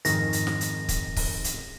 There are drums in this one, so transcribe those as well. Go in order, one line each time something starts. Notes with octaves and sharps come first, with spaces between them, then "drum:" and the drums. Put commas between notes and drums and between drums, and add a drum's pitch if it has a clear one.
F2 G#2 D#3 A#6, drum: hi-hat
drum: hi-hat
drum: snare
drum: hi-hat
drum: kick C#1, hi-hat
drum: kick C#1, open hi-hat
drum: hi-hat